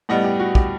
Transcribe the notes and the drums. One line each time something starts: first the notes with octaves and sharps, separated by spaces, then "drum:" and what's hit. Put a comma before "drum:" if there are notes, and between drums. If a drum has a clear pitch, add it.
A2 G3 B3 D#5 F#5
G4
F#4
G4, drum: kick